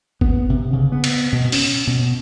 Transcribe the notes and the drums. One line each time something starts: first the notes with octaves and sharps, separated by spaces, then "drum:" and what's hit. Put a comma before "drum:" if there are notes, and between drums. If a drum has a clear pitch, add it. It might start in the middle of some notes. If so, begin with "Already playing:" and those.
B3, drum: kick G1
C3
C#3
B3
drum: cymbal
B2
C#4, drum: open hi-hat
B2